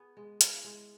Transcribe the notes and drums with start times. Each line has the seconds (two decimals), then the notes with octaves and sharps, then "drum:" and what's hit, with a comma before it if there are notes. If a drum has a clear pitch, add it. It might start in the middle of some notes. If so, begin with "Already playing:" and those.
Already playing: B3 G#4
0.17 G#3
0.41 E4, drum: hi-hat
0.64 G#3